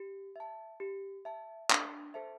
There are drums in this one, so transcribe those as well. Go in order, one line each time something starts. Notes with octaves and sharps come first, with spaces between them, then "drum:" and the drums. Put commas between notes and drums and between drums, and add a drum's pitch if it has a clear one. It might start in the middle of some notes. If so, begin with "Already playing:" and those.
Already playing: G4
E5 A5
G4
E5 A5
D4, drum: clap
A4 C5 E5 A5